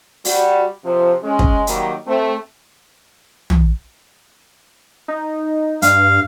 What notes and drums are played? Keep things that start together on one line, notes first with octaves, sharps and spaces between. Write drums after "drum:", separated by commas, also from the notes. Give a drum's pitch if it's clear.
G3 F#4, drum: open hi-hat
C3 F3
G#3 C#4
drum: kick
D#3 F#3 G3 A#3, drum: hi-hat
A3 C4
drum: tom
D#4
G2 F5, drum: hi-hat